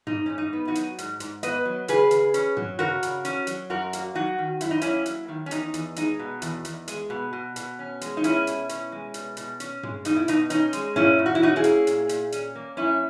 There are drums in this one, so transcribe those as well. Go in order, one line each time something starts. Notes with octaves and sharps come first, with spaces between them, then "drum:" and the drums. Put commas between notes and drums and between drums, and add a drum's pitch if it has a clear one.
G#2 D#4, drum: tom
G#2 C#4
D#4
B3
D#4 F#4
F#3, drum: hi-hat
G#2, drum: hi-hat
G#2, drum: hi-hat
B3 B4 D#5, drum: hi-hat
F#3
C#3 G#4 B4, drum: hi-hat
C#3, drum: hi-hat
C#4, drum: hi-hat
F#3, drum: tom
C#3 F#4 A#4
C#3, drum: hi-hat
C#4, drum: hi-hat
F#3, drum: hi-hat
F#2 F#4 A#4
A#3, drum: hi-hat
F#3 D#4 F#4
D#3
F#2 E4, drum: hi-hat
D#4
A#3 C#4 E4, drum: hi-hat
F#3, drum: hi-hat
D#3
C#4
E2 D#4, drum: hi-hat
E2, drum: hi-hat
G#3 D#4, drum: hi-hat
B2
E2, drum: hi-hat
E2, drum: hi-hat
G#3, drum: hi-hat
B2
B2
B2, drum: hi-hat
C#4
G#3, drum: hi-hat
D#4
B2 C#4 E4, drum: hi-hat
B2, drum: hi-hat
C#4, drum: hi-hat
G#3
B2, drum: hi-hat
B2, drum: hi-hat
C#4, drum: hi-hat
G#3, drum: tom
B2 D#4, drum: hi-hat
E4
B2 D#4, drum: hi-hat
C#4 D#4, drum: hi-hat
G#3, drum: hi-hat
A#2 C#4 E4, drum: tom
A#2
F#4
E4
C#4 D#4 F#4
E4 G#4
A#3, drum: hi-hat
A#2, drum: hi-hat
A#2, drum: hi-hat
C#4, drum: hi-hat
A#3
F#2 C#4 E4